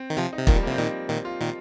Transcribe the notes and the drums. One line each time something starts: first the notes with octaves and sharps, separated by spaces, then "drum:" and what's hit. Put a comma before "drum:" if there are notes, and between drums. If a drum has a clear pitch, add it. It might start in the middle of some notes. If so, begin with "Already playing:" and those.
Already playing: C4
D#3
C3 F3
D#4
C3
A#2 D#3 F3, drum: kick
G3
A#3
C3 C4
A#2 D#3 D#4
A#2 D#3
F4
A#2 D#3